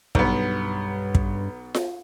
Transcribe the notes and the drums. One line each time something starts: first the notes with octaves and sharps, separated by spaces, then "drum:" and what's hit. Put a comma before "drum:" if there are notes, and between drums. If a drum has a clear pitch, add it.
B1 G2 B3, drum: kick
drum: kick
drum: snare F4